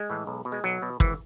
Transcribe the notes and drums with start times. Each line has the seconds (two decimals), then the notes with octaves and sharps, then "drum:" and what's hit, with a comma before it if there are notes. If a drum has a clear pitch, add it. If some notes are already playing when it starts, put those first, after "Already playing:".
Already playing: G#3
0.10 A2 E3
0.27 B1
0.45 B2
0.52 G#3
0.64 B1 F#3
0.82 B2
1.00 G#1 E3, drum: kick